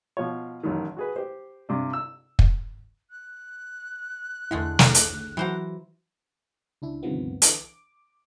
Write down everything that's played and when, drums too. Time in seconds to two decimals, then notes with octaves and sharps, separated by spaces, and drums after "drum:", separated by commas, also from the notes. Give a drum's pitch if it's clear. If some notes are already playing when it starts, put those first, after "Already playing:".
0.17 B2 F3 C#5
0.63 A1 F#2 D#3
0.97 F#4 G#4 B4
1.16 G4 C5
1.69 G2 C3 D4
1.93 E6
2.39 drum: kick
3.10 F#6
4.51 E2 D3 G#3 A3 E4
4.79 drum: snare
4.95 drum: hi-hat
5.37 E3 F#3 F#4 C5 A#5
6.82 C#2 D4 E4
7.03 D2 G2 C3 D#3 F3 B3
7.42 D3 E3, drum: hi-hat
7.58 D6